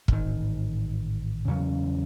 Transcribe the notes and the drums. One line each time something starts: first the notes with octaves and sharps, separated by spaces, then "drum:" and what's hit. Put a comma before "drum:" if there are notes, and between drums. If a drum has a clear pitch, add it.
A1 G#2 D#3, drum: kick
E2 C#3 F#3 C#4